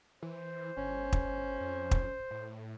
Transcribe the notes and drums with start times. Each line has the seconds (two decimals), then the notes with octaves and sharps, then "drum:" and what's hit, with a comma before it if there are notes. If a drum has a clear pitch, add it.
0.23 E3 C5
0.77 G1 C#4
1.12 drum: kick
1.60 F2
1.91 drum: kick
2.31 A2